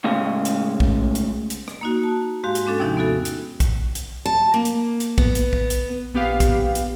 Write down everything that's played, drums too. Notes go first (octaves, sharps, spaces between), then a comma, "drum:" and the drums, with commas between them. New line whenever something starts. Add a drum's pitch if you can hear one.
A2 C#3 G#3
drum: hi-hat
drum: kick
drum: hi-hat
drum: hi-hat
drum: rim click
A#3 D#4 F#4
A5
G#2 G#3 F#4 G4 F5
drum: hi-hat
G#3 C#4 D4 A4
D#2 C3 F3 D#4 E5 G6
B3 D#4 F#4 A4
drum: hi-hat
drum: kick, hi-hat
drum: hi-hat
A5
A#3
drum: hi-hat
drum: hi-hat
B3, drum: kick
drum: hi-hat
drum: kick
drum: hi-hat
A#1 B3 G4 F5
drum: kick, hi-hat
drum: hi-hat